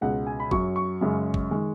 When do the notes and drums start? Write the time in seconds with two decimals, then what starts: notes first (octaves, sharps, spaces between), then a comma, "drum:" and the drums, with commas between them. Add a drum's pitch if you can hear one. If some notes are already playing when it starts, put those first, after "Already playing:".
0.01 C#2 B2 G#3 F#5
0.27 G#5
0.40 B5
0.51 F#2 F#3 C#6, drum: kick
0.76 C#6
1.01 F#2 C#3 G#3
1.34 drum: kick
1.51 D#3 G#3